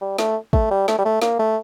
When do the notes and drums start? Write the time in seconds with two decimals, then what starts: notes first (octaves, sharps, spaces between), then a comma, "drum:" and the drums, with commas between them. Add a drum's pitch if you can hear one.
0.01 G3
0.18 A3, drum: snare
0.53 A3, drum: kick
0.71 G3
0.88 A3, drum: snare
0.98 G3
1.05 A3
1.22 A#3, drum: snare
1.39 A3